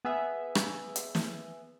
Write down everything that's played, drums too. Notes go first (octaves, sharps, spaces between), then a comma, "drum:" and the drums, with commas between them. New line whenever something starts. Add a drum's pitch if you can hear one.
B3 G#4 E5
drum: rim click
drum: hi-hat
drum: snare